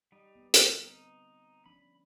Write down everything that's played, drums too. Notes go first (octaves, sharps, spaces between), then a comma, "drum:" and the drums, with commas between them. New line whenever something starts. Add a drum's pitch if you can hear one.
G3 D#4
B3
drum: hi-hat
D3 G3 B3 A4 F6
B3 C4 D#4
F3 C#4 D4 B5